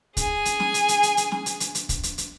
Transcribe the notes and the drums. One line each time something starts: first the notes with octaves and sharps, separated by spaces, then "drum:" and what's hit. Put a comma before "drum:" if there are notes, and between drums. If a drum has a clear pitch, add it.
G#4 G#5, drum: kick, hi-hat
drum: hi-hat
drum: snare
drum: hi-hat
drum: hi-hat
drum: hi-hat
drum: hi-hat
drum: snare
drum: hi-hat
drum: hi-hat
drum: hi-hat
drum: kick, hi-hat
drum: hi-hat
drum: hi-hat